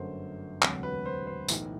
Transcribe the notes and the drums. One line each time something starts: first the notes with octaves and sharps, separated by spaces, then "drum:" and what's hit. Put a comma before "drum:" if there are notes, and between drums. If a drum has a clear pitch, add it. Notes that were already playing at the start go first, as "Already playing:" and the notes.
Already playing: G1 F#2 F#3 A3 C5
E1 D2 C3 F#3, drum: clap
B4
C5
C5
B1 A2 E3, drum: tambourine